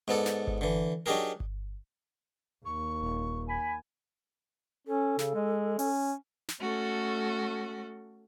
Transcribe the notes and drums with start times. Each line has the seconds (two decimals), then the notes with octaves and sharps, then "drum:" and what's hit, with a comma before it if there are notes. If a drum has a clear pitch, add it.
0.08 G#2 B3 A4 D5
0.26 drum: snare
0.47 drum: kick G1
0.61 D3 E3
1.06 F#3 D4 D#4 G4 G#4 A#4
1.40 drum: kick G1
2.65 D#2 C#6
3.01 D#1
3.48 G#5 B5
4.87 C#4 A4
5.19 C#3, drum: snare
5.35 G#3
5.79 C#4, drum: open hi-hat
6.48 drum: snare
6.62 A3 C#4 F#4 A4